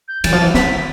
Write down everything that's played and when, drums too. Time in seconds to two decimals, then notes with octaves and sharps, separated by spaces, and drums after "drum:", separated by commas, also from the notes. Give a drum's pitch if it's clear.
0.08 G6
0.24 E3 A6, drum: cymbal
0.33 F3
0.42 E3
0.54 D#3 B6, drum: snare